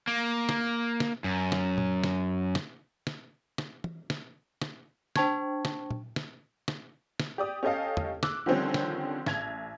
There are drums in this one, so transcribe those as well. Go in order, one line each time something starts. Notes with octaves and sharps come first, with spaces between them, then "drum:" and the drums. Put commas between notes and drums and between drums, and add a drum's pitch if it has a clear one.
A#3
drum: snare
drum: snare
F#2
drum: snare
drum: tom A#2
drum: snare
drum: snare
drum: snare
drum: snare
drum: tom E3
drum: snare
drum: snare
D4 C5 G5 A5 C#6 G#6, drum: snare
drum: snare
drum: tom A#2
drum: snare
drum: snare
drum: snare
G4 D5 D#6
C#4 G4 A4 D#5 F5
drum: tom E2
D6 E6 F#6, drum: snare
D3 D#3 F3 G3 C4 C#4
drum: snare
A1 G#6 F7, drum: snare